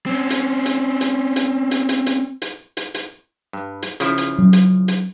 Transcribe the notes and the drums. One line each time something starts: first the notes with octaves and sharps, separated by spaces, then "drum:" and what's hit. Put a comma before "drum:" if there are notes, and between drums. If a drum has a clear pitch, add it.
C4 C#4
drum: hi-hat
drum: hi-hat
drum: hi-hat
drum: hi-hat
drum: hi-hat
drum: hi-hat
drum: hi-hat
drum: hi-hat
drum: hi-hat
drum: hi-hat
G2
drum: hi-hat
C#3 F3 E4, drum: hi-hat
drum: hi-hat
F#3 C#4
drum: hi-hat
drum: hi-hat